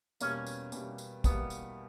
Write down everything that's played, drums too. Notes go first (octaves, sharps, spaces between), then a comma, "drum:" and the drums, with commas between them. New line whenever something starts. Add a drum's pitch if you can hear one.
E2 B2 G3 A#3 C#4, drum: tambourine
drum: tambourine
E2 B2 G3 A#3, drum: tambourine
drum: tambourine
E2 B2 G3 A#3 B3, drum: kick, tambourine
drum: tambourine